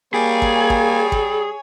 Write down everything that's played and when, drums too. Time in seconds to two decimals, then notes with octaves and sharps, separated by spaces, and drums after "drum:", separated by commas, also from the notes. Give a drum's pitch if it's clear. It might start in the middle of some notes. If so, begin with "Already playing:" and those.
0.14 G3 A#3 G#4 C#5 G#5
0.42 drum: kick
0.70 drum: kick
1.12 drum: kick